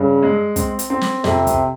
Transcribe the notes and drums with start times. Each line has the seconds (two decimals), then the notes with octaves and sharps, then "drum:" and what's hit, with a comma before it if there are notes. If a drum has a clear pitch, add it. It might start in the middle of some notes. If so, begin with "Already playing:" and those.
Already playing: G2 C#3
0.23 G#3
0.56 C4, drum: kick, hi-hat
0.79 drum: hi-hat
0.90 C4
1.01 drum: snare
1.24 F2 C3, drum: snare
1.47 drum: kick, hi-hat